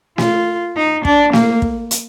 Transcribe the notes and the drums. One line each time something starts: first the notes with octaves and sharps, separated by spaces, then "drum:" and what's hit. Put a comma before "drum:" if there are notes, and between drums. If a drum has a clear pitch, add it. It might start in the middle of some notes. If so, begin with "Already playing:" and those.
F4, drum: snare
D#4
D4, drum: kick
A#3, drum: snare
drum: kick
drum: hi-hat